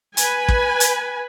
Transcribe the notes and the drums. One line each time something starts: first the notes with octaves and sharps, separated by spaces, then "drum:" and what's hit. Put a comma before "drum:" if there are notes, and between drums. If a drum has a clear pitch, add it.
B4 G#5, drum: hi-hat
drum: kick
drum: hi-hat